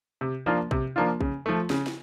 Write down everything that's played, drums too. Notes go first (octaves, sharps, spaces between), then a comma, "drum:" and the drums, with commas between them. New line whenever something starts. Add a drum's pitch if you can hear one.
C3
F3 A#3 D4 F4
C3, drum: kick A#1
F3 A#3 D4 F4
C#3, drum: kick A#1
F3 A3
C#3, drum: snare
drum: snare